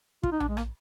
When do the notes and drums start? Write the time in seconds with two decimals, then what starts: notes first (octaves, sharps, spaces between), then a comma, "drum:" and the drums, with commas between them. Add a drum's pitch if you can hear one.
0.23 F4, drum: kick
0.32 D#4
0.40 D4, drum: tom A#1
0.49 G#3
0.57 A#3, drum: rim click